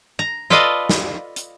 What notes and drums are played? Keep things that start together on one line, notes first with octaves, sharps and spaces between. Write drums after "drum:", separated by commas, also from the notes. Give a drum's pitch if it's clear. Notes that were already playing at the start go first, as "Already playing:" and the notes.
A#5
F4 A4 B4 D5 D#5 F5
drum: snare
drum: hi-hat